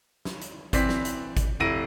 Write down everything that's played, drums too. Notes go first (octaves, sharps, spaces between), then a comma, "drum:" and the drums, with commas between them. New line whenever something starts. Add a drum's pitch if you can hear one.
drum: snare
drum: hi-hat
E3 C4 D5 B6, drum: kick G#1, hi-hat
drum: snare
drum: hi-hat
drum: kick G#1, hi-hat
F1 E4 A#6 D7 D#7